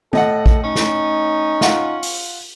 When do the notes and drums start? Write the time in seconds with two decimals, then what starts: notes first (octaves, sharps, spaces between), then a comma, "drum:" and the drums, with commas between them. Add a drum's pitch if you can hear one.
0.13 A2 A4 D#5 F#5, drum: tom
0.46 drum: kick
0.64 C#4 D#4
0.76 drum: snare
1.61 F4 F#5, drum: snare
2.03 drum: open hi-hat